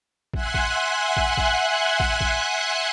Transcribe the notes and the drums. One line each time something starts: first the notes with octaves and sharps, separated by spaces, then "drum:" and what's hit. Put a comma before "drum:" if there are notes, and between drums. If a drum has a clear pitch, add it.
E5 F#5 G#5 C6 F#6, drum: kick
drum: kick
drum: kick
drum: kick
drum: kick
drum: kick